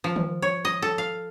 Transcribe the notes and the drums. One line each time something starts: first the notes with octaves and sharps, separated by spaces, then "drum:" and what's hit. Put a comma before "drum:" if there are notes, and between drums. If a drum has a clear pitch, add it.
F3
drum: tom D#3
C#5
D#5
A4
F5